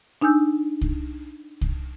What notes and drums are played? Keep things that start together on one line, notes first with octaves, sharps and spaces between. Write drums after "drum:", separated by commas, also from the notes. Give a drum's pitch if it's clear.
D4 D#4 G#5 E6 G6
drum: kick C2
drum: kick C2